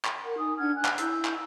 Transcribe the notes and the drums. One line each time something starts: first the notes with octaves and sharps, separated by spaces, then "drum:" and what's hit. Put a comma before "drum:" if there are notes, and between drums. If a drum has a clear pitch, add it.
drum: clap
A#4 F#5
D#4 G#5 D#6
D4 F#5 F6 G#6
G#5 F#6
drum: clap
E4 E6 G6, drum: hi-hat
drum: clap